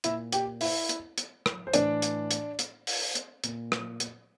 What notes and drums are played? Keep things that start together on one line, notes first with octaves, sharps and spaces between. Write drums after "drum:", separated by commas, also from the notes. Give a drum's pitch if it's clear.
A#2 E4 E5, drum: hi-hat
G4 G5, drum: hi-hat
E4 E5, drum: open hi-hat
drum: hi-hat
drum: hi-hat
drum: rim click
C5
A2 E3 D4 D5, drum: hi-hat
drum: hi-hat
drum: hi-hat
drum: hi-hat
drum: open hi-hat
drum: hi-hat
A#2, drum: hi-hat
drum: rim click
drum: hi-hat